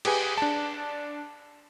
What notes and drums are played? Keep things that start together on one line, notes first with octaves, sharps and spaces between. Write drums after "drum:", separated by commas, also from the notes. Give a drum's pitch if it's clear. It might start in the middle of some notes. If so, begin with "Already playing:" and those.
G4 G#4 B4 G#5, drum: cymbal
D4 A5